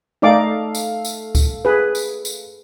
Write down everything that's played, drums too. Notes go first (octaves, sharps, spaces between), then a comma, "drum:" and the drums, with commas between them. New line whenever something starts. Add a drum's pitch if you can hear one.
A3 D#4 A4 D5 F5 D6
drum: tambourine
drum: tambourine
drum: kick C#2, tambourine
G#4 B4
drum: tambourine
drum: tambourine